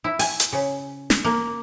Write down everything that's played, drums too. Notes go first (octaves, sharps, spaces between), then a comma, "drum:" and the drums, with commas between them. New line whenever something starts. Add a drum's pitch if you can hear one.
E4
G#5, drum: open hi-hat
drum: hi-hat
C#3
drum: snare
A#3